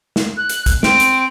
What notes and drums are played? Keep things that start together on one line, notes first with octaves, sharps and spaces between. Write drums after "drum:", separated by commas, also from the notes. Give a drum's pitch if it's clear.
drum: snare
F#6
drum: hi-hat
drum: kick, hi-hat
C4 D7, drum: snare
drum: hi-hat